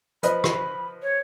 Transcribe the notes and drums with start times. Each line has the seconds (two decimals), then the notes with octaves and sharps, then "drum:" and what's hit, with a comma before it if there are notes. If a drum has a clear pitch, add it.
0.23 F3 B4 D#5 B5, drum: hi-hat
0.44 drum: rim click
1.02 C#5